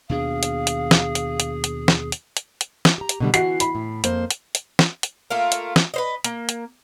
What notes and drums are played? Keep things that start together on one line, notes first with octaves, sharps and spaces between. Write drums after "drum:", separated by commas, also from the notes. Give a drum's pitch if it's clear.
D#2 B2 D4 G#4 F5
drum: hi-hat
drum: hi-hat
drum: snare
drum: hi-hat
drum: hi-hat
drum: hi-hat
drum: snare
drum: hi-hat
drum: hi-hat
drum: hi-hat
drum: snare
G4 A#5
drum: hi-hat
B2 D3 G3
E3 F#4 F#5 C7, drum: hi-hat
B5, drum: hi-hat
A2
F2 A#3 C5, drum: hi-hat
drum: hi-hat
drum: hi-hat
drum: snare
drum: hi-hat
A3 A#3 F4 A#4
drum: hi-hat
drum: snare
B4 C5 D#5
A#3, drum: hi-hat
drum: hi-hat